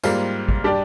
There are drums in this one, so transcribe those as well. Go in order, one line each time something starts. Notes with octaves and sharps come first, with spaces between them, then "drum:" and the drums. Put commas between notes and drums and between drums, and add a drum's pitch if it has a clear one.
G#2 G3 A#3 F4 C5, drum: tambourine
drum: kick
G3 D4 G4 D5